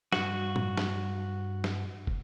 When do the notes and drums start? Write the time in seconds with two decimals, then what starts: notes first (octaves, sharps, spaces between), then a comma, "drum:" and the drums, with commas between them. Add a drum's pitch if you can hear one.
0.13 G2 F#4, drum: snare
0.56 drum: tom
0.77 drum: snare
1.64 drum: snare
2.07 drum: kick